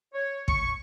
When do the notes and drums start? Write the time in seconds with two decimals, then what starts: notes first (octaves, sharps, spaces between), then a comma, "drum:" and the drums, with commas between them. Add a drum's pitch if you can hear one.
0.14 C#5
0.48 C#6, drum: kick